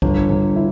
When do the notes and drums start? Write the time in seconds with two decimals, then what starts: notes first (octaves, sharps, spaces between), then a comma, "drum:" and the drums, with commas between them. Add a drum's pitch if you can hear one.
0.02 G1, drum: kick B1
0.29 G1
0.56 E4